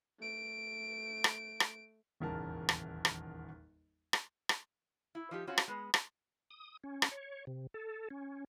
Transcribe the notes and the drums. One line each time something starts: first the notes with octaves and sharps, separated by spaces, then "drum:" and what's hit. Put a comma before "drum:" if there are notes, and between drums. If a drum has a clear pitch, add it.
A3 D7
drum: rim click
drum: rim click
D#1 G#1 E2 C#3 A#4 A5
drum: rim click
drum: rim click
drum: rim click
drum: rim click
E4
F3 D#4 G4
C4 C#4 F4 F#4
drum: rim click
G#3 B3
drum: rim click
D#6
C#4
drum: rim click
C#5
C3
A4
C#4